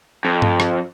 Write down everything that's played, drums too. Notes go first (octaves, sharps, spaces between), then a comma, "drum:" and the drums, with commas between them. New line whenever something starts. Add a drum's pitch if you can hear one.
F2
drum: tom G2
drum: rim click